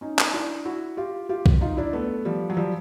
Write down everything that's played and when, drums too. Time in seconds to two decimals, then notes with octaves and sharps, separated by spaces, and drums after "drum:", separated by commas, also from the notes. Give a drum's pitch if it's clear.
0.01 C#4 D#4
0.19 drum: clap
0.34 D4 E4
0.65 E4 F#4
0.97 F4 G4
1.29 F4 G4
1.46 drum: kick B1
1.61 D#4 F4
1.77 D4 E4
1.93 A3 B3
2.25 F3 G3
2.50 F#3
2.57 F3 G3